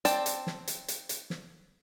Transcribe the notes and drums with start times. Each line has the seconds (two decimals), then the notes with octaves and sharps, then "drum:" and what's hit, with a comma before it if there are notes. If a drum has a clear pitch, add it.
0.05 C4 D5 G5 A5, drum: hi-hat
0.26 drum: hi-hat
0.47 drum: snare
0.68 drum: hi-hat
0.88 drum: hi-hat
1.09 drum: hi-hat
1.30 drum: snare